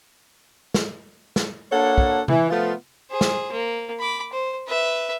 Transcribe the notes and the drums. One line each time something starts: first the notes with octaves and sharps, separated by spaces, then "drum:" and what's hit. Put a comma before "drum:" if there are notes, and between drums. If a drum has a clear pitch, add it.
drum: snare
drum: snare
A#3 D4 F#4 A4 C#5 F#5
drum: kick
E3, drum: tom C3
F3 A3 B3 F4
G#4 C5
drum: snare
A#3
B5 D6
C5
B4 E5